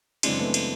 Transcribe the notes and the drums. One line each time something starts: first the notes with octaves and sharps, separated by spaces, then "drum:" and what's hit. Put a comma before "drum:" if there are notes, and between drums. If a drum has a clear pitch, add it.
F#2 C#3 E3 G#3 C4 D4, drum: cymbal
A3 B3
drum: cymbal